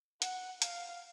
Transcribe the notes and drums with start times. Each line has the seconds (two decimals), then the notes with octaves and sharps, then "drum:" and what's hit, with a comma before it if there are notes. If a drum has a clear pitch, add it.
0.22 F#5, drum: hi-hat
0.62 F5, drum: hi-hat